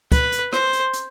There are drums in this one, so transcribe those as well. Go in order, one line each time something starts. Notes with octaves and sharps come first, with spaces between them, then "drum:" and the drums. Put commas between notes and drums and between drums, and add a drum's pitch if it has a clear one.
B4, drum: kick, hi-hat
drum: hi-hat
C5, drum: rim click
drum: hi-hat
drum: hi-hat